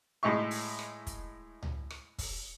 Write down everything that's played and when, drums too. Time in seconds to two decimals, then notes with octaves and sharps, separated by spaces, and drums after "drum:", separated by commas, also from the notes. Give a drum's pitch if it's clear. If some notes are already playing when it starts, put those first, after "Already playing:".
0.23 A2 G#3 D#4 E5 C#6
0.51 drum: open hi-hat
0.79 drum: rim click
1.07 drum: kick, hi-hat
1.63 drum: tom C#2
1.90 drum: rim click
2.18 drum: kick, open hi-hat